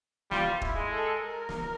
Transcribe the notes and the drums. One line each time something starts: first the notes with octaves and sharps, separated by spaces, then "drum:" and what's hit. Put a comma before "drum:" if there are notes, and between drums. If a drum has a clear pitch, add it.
G3 F4, drum: snare
E4, drum: kick D#1
G#3
A4
A#4
drum: snare